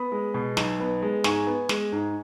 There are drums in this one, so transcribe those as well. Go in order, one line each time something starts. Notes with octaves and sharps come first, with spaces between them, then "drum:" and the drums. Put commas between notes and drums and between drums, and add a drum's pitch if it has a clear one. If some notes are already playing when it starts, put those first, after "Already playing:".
Already playing: B3 B5 D#6
G#3
B2
B1, drum: snare
B3
G#3
G#2 G#5 C#6, drum: snare
B3
G#3, drum: snare
G#2